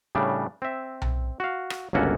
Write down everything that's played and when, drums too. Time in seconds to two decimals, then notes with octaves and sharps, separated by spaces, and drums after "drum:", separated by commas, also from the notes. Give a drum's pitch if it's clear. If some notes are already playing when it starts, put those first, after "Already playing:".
0.15 A2 C#3 G3 D4
0.62 C4 E5
1.02 drum: tom B1
1.40 F#4 F5
1.70 drum: rim click
1.93 G1 C#2 A#3 C#4 F#4 A4